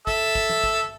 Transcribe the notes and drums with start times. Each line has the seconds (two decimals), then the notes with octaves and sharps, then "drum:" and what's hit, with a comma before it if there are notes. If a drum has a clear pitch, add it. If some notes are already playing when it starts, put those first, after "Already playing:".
0.07 A4 E5, drum: kick
0.35 drum: kick
0.49 drum: snare
0.64 drum: kick